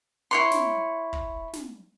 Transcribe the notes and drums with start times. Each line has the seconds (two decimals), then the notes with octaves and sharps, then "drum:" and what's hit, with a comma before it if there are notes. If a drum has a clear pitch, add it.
0.31 E4 C#5 C6
0.51 drum: snare
1.13 drum: kick
1.53 drum: snare